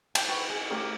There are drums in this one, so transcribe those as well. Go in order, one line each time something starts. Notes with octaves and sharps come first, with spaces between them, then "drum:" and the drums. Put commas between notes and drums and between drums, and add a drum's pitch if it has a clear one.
G5, drum: cymbal
F#4 B4
G#4
A3 C#4 G4 A#4